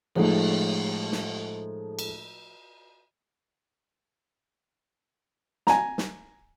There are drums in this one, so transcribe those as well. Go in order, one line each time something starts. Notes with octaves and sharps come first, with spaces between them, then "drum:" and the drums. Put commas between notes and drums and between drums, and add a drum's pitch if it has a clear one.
A2 F3 G#3 A3 D#4, drum: cymbal
drum: snare
drum: cymbal
G#5 A#5, drum: snare
drum: snare